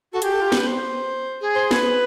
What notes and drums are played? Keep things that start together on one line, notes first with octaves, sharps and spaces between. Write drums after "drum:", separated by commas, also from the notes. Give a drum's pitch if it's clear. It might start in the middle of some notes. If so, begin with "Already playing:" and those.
F#4 A4
G4 G#4, drum: hi-hat
A4
F4
B4, drum: snare
C5
G#4
C5
B4, drum: snare